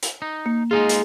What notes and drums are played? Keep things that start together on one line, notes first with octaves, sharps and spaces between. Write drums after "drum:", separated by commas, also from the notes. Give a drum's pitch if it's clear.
drum: hi-hat
D#4
A#3
G#3 D#4 F4 G#4
drum: hi-hat